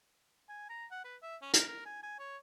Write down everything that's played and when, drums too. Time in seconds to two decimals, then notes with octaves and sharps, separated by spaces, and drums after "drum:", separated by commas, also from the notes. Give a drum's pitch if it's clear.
0.49 G#5
0.70 A#5
0.91 F#5
1.05 B4
1.23 E5
1.42 C#4
1.54 A#4, drum: hi-hat
1.68 A#4
1.86 G#5
2.03 G#5
2.19 C#5